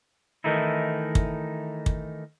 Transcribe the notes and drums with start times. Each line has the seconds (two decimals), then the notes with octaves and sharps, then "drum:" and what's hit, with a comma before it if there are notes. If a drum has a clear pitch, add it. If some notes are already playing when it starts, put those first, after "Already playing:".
0.44 D#3 E3 A3 D#4 E4
1.15 drum: kick
1.86 drum: kick